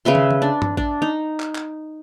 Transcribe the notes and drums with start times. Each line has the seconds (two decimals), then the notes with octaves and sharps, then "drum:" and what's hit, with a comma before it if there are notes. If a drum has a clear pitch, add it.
0.05 C#3 B4 E5 C6
0.15 drum: tom
0.31 drum: tom
0.42 D4
0.62 drum: tom G2
0.77 D4, drum: kick A1
1.02 D#4
1.40 drum: clap
1.55 drum: clap